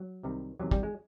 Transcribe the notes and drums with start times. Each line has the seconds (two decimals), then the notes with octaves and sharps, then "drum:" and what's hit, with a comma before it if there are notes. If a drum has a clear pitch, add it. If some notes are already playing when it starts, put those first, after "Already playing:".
Already playing: F#3
0.23 C2 C3 D#3
0.59 E2 C3 D#3 F#3
0.71 G3, drum: kick
0.83 G#3